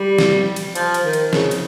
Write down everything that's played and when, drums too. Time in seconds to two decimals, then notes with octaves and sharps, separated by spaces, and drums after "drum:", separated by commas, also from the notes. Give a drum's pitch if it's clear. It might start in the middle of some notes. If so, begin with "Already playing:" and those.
Already playing: G3
0.18 drum: snare
0.56 drum: cymbal
0.75 F3, drum: cymbal
0.94 drum: cymbal
1.04 D#3
1.13 drum: cymbal
1.33 C#3, drum: snare
1.51 drum: cymbal